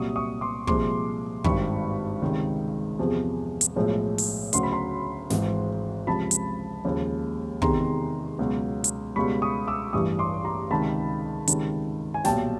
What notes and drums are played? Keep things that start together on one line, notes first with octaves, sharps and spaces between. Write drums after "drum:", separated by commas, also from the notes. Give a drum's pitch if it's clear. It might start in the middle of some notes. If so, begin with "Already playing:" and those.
Already playing: C2 A#2 F#3 C#6 D#6
C#6 D#6
C6 D6
C2 A#2 F3 G#3 C6 D6, drum: kick
G#1 G2 D#3 B5 C#6, drum: kick
C#2 C3 D#3 G#3
E2 C3 F3 G#3
drum: hi-hat
B1 A2 F3 G#3
drum: open hi-hat
D2 C#3 F#3 C6, drum: hi-hat
B5
A#5 C6
G#1 G#2 E3 G#3, drum: snare
C#2 C3 F3 A5 B5
drum: hi-hat
D#2 C#3 F3 G#3
E2 C3 D#3 G#3 A#5 C6, drum: kick
C#2 B2 F#3
drum: hi-hat
C#2 B2 G3 B5 C#6
C#6 D#6
D6 E6
A1 G2 E3 G3 C#6 D#6
C6 D6
A#5 C6
C#2 C3 D#3 G#3 A5 B5
C#2 C3 D#3, drum: hi-hat
G#5
B1 A#2 G3 G5 A5, drum: snare